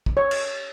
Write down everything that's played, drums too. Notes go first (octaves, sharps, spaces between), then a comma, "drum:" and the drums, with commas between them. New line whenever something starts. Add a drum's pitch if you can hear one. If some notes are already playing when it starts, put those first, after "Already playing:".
drum: kick
C#5
drum: cymbal